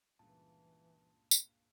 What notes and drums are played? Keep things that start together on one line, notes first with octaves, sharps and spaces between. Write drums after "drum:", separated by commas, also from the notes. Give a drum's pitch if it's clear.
C#2 G2 A#2 E3 A5
drum: tambourine